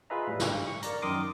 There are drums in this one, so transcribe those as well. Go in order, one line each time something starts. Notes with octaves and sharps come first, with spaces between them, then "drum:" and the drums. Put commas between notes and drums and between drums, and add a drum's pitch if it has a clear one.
F4 G#4 B4 D#5 E5 A#5
A2 G3
G2, drum: snare
C#6
A#4 D5 A#5, drum: hi-hat
F#2 D#3 A#4 C6 D6 D#6